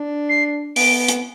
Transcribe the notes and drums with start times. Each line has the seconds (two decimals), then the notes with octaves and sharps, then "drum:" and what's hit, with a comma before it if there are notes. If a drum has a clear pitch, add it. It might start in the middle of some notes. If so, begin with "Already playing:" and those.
Already playing: D4
0.29 C7
0.76 B3 D7, drum: open hi-hat
1.08 drum: hi-hat